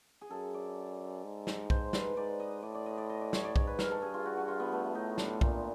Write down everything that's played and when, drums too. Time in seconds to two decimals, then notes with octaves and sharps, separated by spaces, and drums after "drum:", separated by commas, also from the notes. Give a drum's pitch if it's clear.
0.21 G#4
0.30 F#2 A4
0.54 D5
1.24 G#2
1.47 drum: snare
1.70 C5, drum: kick B1
1.93 B4, drum: snare
2.16 G#2 D5
2.40 D#5
2.63 A2 D5
2.75 D5
2.86 D#5
2.98 D5
3.09 D#5
3.21 D5
3.33 C#5, drum: snare
3.44 D5
3.56 G#2 C#5, drum: kick B1
3.67 B4
3.79 A#4, drum: snare
3.91 A4
4.02 G2 G#4
4.14 F4
4.25 F#4
4.37 F#4
4.48 F4
4.60 B3
4.72 A3
4.95 A2 D#4
5.18 D4, drum: snare
5.41 A#2 D#4, drum: kick B1